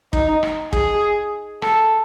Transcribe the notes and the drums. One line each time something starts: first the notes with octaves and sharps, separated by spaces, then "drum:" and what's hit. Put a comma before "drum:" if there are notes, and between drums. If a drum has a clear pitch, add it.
D#4, drum: kick
drum: rim click
G#4, drum: kick
A4, drum: rim click